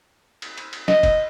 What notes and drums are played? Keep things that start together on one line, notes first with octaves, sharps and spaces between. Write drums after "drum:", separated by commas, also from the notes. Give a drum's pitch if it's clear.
drum: cymbal
drum: cymbal
drum: cymbal
D#5, drum: snare
drum: kick, cymbal